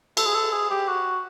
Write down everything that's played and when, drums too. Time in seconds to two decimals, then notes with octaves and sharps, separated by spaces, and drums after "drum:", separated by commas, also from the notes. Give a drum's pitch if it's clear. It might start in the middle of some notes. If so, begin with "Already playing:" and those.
0.17 A4, drum: cymbal
0.26 G#4
0.35 A4
0.52 G#4
0.70 G4
0.88 F#4